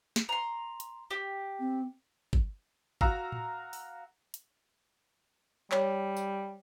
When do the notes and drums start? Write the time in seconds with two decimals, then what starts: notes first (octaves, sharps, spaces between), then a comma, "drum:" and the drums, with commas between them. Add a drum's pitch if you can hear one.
0.16 drum: snare
0.29 A#5 C6
0.80 drum: hi-hat
1.10 G4
1.60 C4
2.33 drum: kick G#1
3.01 F#4 F5 A#5 E6, drum: kick G#1
3.32 drum: tom A2
3.73 drum: open hi-hat
4.34 drum: hi-hat
5.72 G3 C#5, drum: clap
6.17 drum: tambourine